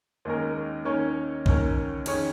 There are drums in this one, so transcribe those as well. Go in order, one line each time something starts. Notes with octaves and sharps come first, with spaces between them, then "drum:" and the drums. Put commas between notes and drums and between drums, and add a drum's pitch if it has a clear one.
D#2 D#3 G#3 C#4 A#4
D#2 D#3 C#4 A#4 C#5
D#2 D#3 C#4 A#4 C#5, drum: kick B1
F2 D#3 C#4 G#4 C#5, drum: cymbal